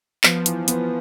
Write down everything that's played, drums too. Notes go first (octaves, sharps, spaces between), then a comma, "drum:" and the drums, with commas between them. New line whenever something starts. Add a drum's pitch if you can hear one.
F3 B3, drum: clap
E3, drum: hi-hat
B3, drum: hi-hat